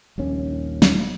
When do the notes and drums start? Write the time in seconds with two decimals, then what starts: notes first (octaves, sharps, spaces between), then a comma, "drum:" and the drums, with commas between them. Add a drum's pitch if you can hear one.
0.18 D#1 A#1 D#2 C#4
0.82 drum: snare